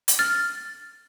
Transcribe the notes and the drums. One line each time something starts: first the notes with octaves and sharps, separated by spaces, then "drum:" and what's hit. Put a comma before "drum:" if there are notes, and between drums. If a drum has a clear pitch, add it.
drum: hi-hat
F6 A6